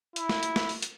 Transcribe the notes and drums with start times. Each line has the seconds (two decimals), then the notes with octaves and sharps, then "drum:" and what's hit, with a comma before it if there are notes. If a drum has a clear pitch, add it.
0.16 E4, drum: hi-hat
0.29 drum: snare
0.43 drum: hi-hat
0.56 drum: snare
0.69 drum: open hi-hat
0.82 drum: hi-hat